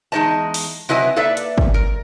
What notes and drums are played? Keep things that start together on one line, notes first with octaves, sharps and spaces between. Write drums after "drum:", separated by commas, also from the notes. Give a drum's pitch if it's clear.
E2 G#3 D#4 D5 D#5 A5
drum: open hi-hat
C3 F#3 E4 B4 D#5 G#5
A#3 A4 B4 D5 E5
drum: hi-hat
drum: kick
A#4